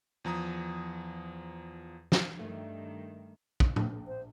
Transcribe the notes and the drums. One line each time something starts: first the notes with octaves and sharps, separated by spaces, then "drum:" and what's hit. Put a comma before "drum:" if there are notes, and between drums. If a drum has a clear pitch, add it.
E2 F3 A#5 D#6
drum: snare
G2 D#3 A3
drum: kick
A#1, drum: tom
C5